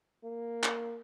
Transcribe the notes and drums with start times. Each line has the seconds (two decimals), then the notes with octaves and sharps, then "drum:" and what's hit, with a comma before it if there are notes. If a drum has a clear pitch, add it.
0.25 A#3
0.63 drum: clap